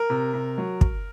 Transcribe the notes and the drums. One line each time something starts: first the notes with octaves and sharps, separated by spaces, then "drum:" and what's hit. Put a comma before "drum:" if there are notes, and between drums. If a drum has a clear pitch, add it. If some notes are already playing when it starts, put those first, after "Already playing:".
Already playing: A#4
C3
C3
F#3
drum: kick